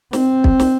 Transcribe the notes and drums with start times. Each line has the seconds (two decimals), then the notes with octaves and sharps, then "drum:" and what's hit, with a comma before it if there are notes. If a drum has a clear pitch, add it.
0.13 C4, drum: snare
0.44 drum: kick
0.60 drum: snare